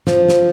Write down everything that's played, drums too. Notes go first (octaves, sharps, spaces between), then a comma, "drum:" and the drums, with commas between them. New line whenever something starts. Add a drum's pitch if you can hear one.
F3, drum: snare
drum: snare